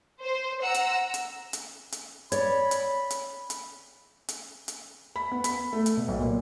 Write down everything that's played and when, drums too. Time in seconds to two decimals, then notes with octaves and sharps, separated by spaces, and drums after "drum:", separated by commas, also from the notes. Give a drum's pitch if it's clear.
0.22 C5
0.62 F#5 A#5 E6
0.74 drum: hi-hat
1.14 drum: hi-hat
1.53 drum: hi-hat
1.92 drum: hi-hat
2.32 C#5 D5 B5, drum: hi-hat
2.71 drum: hi-hat
3.10 drum: hi-hat
3.50 drum: hi-hat
4.28 drum: hi-hat
4.68 drum: hi-hat
5.16 B5
5.32 B3
5.44 B5, drum: hi-hat
5.73 A3
5.86 drum: hi-hat
5.97 B2
6.08 B1
6.21 A#2